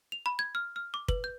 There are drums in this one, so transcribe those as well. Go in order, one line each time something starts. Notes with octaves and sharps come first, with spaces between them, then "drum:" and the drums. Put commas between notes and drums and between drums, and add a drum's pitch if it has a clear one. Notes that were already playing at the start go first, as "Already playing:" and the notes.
F7
B5
G#6
F6
F6
D6
B4, drum: kick
G6